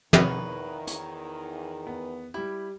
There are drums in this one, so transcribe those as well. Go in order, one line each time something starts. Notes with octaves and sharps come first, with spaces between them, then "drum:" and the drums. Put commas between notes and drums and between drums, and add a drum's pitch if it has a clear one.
E2 D#3 B4 C#5, drum: tom
C#5, drum: hi-hat
B3
G3 E4 G4